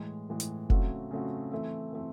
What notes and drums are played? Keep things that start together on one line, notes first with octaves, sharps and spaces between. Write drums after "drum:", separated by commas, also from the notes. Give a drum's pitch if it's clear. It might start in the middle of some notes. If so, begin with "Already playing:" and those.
Already playing: A2 E3 G#3
A2 E3 G#3
drum: hi-hat
C#3 F#3 A3 C4 F#4, drum: kick F1
C#3 F#3 A3 C4 F#4
E3 A3 C4
E3 A3 C4